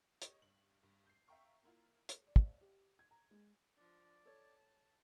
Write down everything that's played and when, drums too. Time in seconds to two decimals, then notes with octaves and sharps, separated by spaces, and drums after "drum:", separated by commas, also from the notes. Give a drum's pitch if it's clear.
0.22 G4 C#5 D#5, drum: hi-hat
0.42 G2 F#7
0.83 G2
1.06 G6 C7
1.28 E5 F5 G5 A#5 C#6
1.63 A#3 E4 F4
2.09 drum: hi-hat
2.27 D5
2.36 drum: kick
2.61 G4
2.99 G#6
3.11 A#5
3.31 G#3
3.77 F3 D4 D5
4.25 A4 C#5 A5